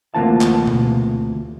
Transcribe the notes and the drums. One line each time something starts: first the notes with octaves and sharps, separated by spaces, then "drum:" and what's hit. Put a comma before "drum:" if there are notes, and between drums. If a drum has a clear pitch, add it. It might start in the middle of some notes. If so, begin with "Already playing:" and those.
D2 C3 E3 A#3 F4 A5
drum: clap
drum: tom B2